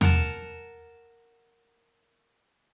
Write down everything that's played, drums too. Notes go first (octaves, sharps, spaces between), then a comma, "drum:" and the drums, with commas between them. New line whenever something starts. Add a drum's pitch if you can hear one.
A#4 F#5 A5, drum: tom E2